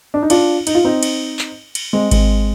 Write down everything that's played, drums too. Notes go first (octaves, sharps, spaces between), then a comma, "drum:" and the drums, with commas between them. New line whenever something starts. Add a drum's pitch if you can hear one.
D4
D#4
D4 F4, drum: cymbal
D#4, drum: cymbal
F4
C4 D#4
drum: cymbal
drum: clap
drum: cymbal
G#3 C4
G#3 C4, drum: kick G#1, cymbal